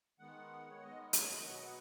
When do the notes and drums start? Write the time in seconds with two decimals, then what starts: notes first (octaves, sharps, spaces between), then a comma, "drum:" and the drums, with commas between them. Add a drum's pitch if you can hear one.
0.19 D#3 G#3 B3 F#5
0.70 C#5
0.82 D#3 G#3 B3 D#5
1.13 C#5, drum: hi-hat
1.28 D#5
1.44 B2 F#3 B3 F#5
1.54 D#5
1.65 F#5